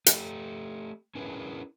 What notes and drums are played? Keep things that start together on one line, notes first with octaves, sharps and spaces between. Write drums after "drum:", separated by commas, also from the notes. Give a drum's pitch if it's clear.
A3 G4, drum: hi-hat
C#4 D4 E4 G#4 A#4 B4